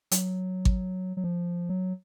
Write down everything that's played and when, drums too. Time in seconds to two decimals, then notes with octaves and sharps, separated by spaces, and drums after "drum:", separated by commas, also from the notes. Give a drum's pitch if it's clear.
0.11 F#3, drum: hi-hat
0.65 drum: kick G#1
1.17 F#3
1.24 F3
1.69 F#3